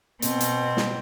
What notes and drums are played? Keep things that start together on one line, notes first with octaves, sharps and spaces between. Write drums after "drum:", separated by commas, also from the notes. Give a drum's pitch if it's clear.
B2 C4, drum: hi-hat
drum: hi-hat
drum: snare